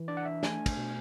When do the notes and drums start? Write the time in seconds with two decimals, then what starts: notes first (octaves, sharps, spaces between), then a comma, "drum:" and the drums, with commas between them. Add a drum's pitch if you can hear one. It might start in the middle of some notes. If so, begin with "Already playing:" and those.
Already playing: E3
0.08 D4 D5
0.17 F#5
0.25 E5
0.43 A3 G#5, drum: snare
0.66 drum: kick, cymbal
0.77 B2